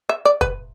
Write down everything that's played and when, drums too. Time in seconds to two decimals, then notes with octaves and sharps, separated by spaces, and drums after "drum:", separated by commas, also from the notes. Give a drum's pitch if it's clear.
0.09 E5
0.25 D5
0.41 B4, drum: kick